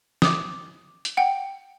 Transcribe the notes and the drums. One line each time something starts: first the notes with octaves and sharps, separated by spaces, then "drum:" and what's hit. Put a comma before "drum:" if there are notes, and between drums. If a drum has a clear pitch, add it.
D6 D#6, drum: snare
drum: hi-hat
F#5 G5